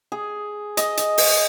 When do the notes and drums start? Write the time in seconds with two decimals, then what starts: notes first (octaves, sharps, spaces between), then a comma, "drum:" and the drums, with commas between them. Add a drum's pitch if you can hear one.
0.12 G#4
0.77 D#5, drum: hi-hat
0.97 drum: hi-hat
1.18 drum: open hi-hat